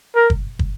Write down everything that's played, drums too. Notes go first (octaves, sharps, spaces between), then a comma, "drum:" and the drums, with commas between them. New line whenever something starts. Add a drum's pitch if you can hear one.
A#4
drum: kick
drum: kick